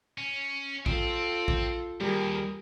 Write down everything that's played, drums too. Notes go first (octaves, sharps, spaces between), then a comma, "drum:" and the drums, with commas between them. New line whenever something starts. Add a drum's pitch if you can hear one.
C#4
C4 F4 A4, drum: kick A#1
drum: kick A#1
D#2 G3 G#4 A#4